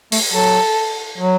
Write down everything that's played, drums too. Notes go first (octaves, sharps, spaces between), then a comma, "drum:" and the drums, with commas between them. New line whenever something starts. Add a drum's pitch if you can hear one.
A3, drum: open hi-hat
F#3 A4
F#3